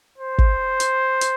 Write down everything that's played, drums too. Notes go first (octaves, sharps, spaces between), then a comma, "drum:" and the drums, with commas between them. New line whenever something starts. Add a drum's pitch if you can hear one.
C5
drum: kick
drum: hi-hat
drum: hi-hat